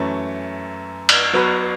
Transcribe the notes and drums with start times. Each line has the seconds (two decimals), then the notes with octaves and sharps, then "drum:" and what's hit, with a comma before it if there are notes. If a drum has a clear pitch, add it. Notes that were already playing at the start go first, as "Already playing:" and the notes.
Already playing: F#2 E3 A3 C#4
1.09 drum: cymbal
1.33 F#3 B3 F#4 B4